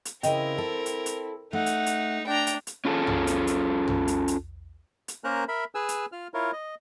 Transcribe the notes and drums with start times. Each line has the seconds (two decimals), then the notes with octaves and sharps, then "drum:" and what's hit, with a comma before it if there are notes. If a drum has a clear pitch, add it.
0.05 drum: hi-hat
0.23 C#3 C4 E4 A#4 D#5 G5, drum: hi-hat
0.58 A4
0.86 drum: hi-hat
1.06 drum: hi-hat
1.53 A3 D#4 F#5
1.66 drum: hi-hat
1.86 drum: hi-hat
2.27 D4 G5 A#5
2.47 drum: hi-hat
2.67 drum: hi-hat
2.85 C#4 F4 G#4 A4
3.07 drum: tom
3.27 drum: hi-hat
3.47 drum: hi-hat
3.87 drum: tom
4.08 drum: hi-hat
4.28 drum: hi-hat
5.08 drum: hi-hat
5.24 A#3 C#4 A#4 C5 A#5 F#6
5.48 A#4 E5 B5
5.75 G#4 B4 G#5 E6
5.89 drum: hi-hat
6.12 F4 F6
6.34 E4 F4 A#4 C#5
6.53 D#5